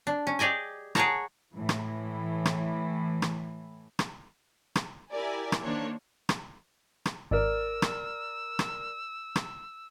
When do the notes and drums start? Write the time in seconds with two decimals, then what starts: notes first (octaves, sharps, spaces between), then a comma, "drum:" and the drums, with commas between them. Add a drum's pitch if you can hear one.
0.07 D4
0.27 C#4
0.39 G4 G#4 D5 D#5 G#5
0.95 G#4 A#4 C#5 F#5 A5 A#5, drum: rim click
1.54 A2 E3
1.69 drum: rim click
2.45 drum: rim click
3.22 drum: rim click
3.99 drum: rim click
4.76 drum: rim click
5.14 E4 G4 A#4 D5 G#5
5.52 drum: rim click
5.63 D#3 A#3 D4 C5 C#5
6.29 drum: rim click
7.06 drum: rim click
7.31 G#1 A#4 D5 E6
7.82 drum: rim click
8.59 drum: rim click
9.36 drum: rim click